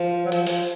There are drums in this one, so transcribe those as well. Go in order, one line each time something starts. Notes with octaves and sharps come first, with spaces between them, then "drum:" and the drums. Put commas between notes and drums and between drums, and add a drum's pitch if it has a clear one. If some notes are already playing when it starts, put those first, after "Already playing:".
Already playing: F3
F#3
F3, drum: hi-hat
F3, drum: open hi-hat